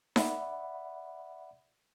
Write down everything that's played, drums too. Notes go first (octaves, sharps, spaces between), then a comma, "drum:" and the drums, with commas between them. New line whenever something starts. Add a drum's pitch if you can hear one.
D5 E5 F#5 B5, drum: snare D#4